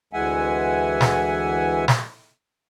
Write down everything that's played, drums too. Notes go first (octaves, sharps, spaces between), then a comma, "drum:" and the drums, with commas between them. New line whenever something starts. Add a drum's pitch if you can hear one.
D2 E3 G#3 E5 F#5 G#5
drum: snare
drum: snare